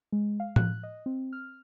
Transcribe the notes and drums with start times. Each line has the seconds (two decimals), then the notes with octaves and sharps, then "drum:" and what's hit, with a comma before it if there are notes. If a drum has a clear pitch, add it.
0.12 G#3
0.40 F5
0.56 F#6, drum: tom A2
0.83 D#5
1.06 C4
1.33 F6